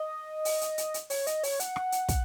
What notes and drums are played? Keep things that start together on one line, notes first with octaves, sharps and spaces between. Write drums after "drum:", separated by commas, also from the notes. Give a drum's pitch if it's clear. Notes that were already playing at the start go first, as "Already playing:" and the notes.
Already playing: D#5
drum: open hi-hat
drum: hi-hat
drum: hi-hat
drum: hi-hat
C#5, drum: open hi-hat
D#5, drum: hi-hat
C#5, drum: open hi-hat
F#5, drum: hi-hat
drum: rim click
drum: hi-hat
drum: kick, hi-hat